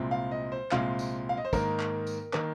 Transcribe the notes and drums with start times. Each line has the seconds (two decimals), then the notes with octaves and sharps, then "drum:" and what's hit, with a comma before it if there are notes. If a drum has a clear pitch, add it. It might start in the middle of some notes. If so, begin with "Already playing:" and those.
Already playing: C2 A#2 G#3 C4
0.11 F5
0.31 D#5
0.52 C5
0.71 C2 A#2 G#3 C4 F5, drum: clap
0.99 drum: tambourine
1.29 F5
1.37 D#5
1.45 C5
1.53 G#2 D#3 A#3 A#4, drum: kick, tambourine
1.80 drum: clap
2.07 drum: tambourine
2.33 D#3 A#3, drum: clap